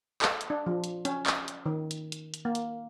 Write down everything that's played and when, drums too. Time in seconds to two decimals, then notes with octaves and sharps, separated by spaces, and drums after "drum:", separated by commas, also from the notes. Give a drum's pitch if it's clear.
0.22 A4, drum: clap
0.41 drum: hi-hat
0.50 D4
0.66 F3
0.84 drum: hi-hat
1.05 C#4, drum: hi-hat
1.26 drum: clap
1.48 drum: hi-hat
1.66 D#3
1.91 drum: hi-hat
2.12 drum: hi-hat
2.34 drum: hi-hat
2.45 A#3
2.55 drum: hi-hat